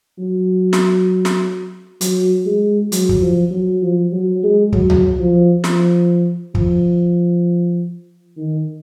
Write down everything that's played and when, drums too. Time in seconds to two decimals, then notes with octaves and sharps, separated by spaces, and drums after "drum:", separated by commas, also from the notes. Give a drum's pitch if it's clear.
0.19 F#3
0.73 drum: snare
1.25 drum: snare
2.01 F#3, drum: hi-hat
2.46 G#3
2.92 F#3, drum: hi-hat
3.09 drum: kick
3.21 F3
3.51 F#3
3.82 F3
4.12 F#3
4.43 G#3
4.73 F#3, drum: kick
4.90 drum: tom C#2
5.19 F3
5.64 F3, drum: snare
6.55 F3, drum: kick
8.37 D#3